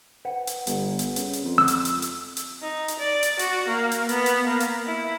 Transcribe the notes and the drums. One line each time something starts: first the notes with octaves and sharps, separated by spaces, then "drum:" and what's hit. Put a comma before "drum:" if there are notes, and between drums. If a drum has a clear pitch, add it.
B4 C5 F#5
drum: hi-hat
G1, drum: hi-hat
drum: hi-hat
C#3, drum: hi-hat
drum: hi-hat
F2
E6
drum: hi-hat
drum: hi-hat
drum: hi-hat
drum: hi-hat
D#4
drum: hi-hat
D5
drum: hi-hat
F#4, drum: hi-hat
A#3
drum: hi-hat
B3, drum: hi-hat
drum: hi-hat
A#3
drum: hi-hat
E4